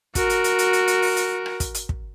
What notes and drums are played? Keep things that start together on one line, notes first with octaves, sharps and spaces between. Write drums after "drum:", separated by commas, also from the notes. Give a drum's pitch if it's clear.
F#4 A#4, drum: kick, hi-hat
drum: hi-hat
drum: hi-hat
drum: hi-hat
drum: hi-hat
drum: hi-hat
drum: open hi-hat
drum: hi-hat
drum: rim click
drum: kick, hi-hat
drum: hi-hat
drum: kick